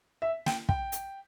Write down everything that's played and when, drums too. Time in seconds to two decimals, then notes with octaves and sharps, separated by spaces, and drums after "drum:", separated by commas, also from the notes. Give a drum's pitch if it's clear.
0.22 E5
0.46 G5, drum: snare
0.69 G5, drum: kick
0.92 drum: hi-hat